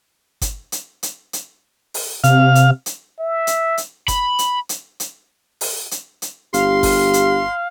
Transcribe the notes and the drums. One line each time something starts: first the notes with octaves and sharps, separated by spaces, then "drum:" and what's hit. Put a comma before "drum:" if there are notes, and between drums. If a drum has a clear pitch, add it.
drum: kick G1, hi-hat
drum: hi-hat
drum: hi-hat
drum: hi-hat
drum: open hi-hat
C3 F5, drum: hi-hat
drum: hi-hat
drum: hi-hat
E5
drum: hi-hat
drum: hi-hat
B5, drum: kick G1, hi-hat
drum: hi-hat
drum: hi-hat
drum: hi-hat
drum: open hi-hat
drum: hi-hat
drum: hi-hat
G1 G4 F5 C6, drum: hi-hat
drum: kick G1, open hi-hat
drum: hi-hat